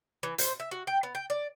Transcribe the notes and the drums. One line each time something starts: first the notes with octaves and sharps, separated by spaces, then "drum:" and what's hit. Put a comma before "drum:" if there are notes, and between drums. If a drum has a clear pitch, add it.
E3
C5, drum: hi-hat
E5
F#4
G5
B3
G5
D5